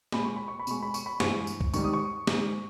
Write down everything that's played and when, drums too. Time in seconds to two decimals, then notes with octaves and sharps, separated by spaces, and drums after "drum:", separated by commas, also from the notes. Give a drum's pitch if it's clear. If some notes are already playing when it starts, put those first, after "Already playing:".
0.12 A#2 G#3 B5, drum: snare
0.24 C#6
0.36 B5
0.48 C#6
0.60 B5
0.67 B2 G#3 C#6, drum: tambourine
0.83 B5
0.94 C#6, drum: tambourine
1.06 B5
1.20 G2 E3 G#3 C#6, drum: snare
1.47 drum: tambourine
1.61 drum: kick C2
1.74 G#2 D#3 G3 C#6, drum: tambourine
1.84 D#6
1.94 C#6
2.27 G#2 G3, drum: snare